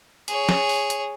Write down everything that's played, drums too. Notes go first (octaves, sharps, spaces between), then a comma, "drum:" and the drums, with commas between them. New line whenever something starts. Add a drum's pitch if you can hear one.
G#4 C#5, drum: hi-hat
drum: snare
drum: open hi-hat
drum: hi-hat